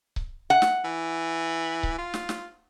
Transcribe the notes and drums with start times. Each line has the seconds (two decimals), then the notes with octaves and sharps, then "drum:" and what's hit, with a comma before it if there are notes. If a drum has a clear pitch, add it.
0.16 drum: kick C#1
0.50 F#5
0.62 drum: snare
0.85 E3
1.83 drum: kick C#1
1.98 F4
2.14 drum: snare
2.29 drum: snare